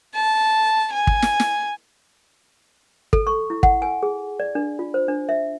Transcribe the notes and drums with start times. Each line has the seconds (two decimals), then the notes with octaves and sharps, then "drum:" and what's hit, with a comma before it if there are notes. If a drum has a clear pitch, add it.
0.15 A5
0.93 G#5
1.07 drum: kick
1.22 drum: snare
1.40 drum: snare
3.13 A4, drum: kick
3.27 C#6
3.50 E4
3.63 F#5, drum: kick
3.82 G#5
4.03 G#4
4.40 D5
4.55 D4
4.79 F4
4.94 C5
5.08 D4
5.29 E5